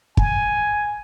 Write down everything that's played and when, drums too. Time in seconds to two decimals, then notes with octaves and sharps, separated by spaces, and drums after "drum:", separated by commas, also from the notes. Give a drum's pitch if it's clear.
0.17 G#5, drum: kick